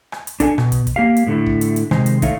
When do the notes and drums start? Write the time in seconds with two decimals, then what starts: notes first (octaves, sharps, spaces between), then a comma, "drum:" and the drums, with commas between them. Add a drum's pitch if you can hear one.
0.12 drum: rim click
0.27 drum: hi-hat
0.40 D4 A4 F#5 G#5, drum: kick, hi-hat
0.58 B2, drum: rim click
0.72 drum: kick, hi-hat
0.87 drum: kick, hi-hat
0.96 A#3 G4 F5
1.17 drum: hi-hat
1.27 A2 D3 A3 E4
1.46 drum: kick
1.61 drum: hi-hat
1.76 drum: hi-hat
1.91 C3 D#3 G#3 D#4 C5, drum: rim click
2.06 drum: hi-hat
2.22 A3 D#4 C#5 E5 F5, drum: kick, hi-hat